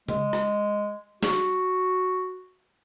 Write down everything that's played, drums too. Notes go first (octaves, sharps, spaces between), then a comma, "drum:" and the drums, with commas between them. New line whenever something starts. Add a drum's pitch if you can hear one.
G#3, drum: tom C#3
drum: rim click
F#4, drum: snare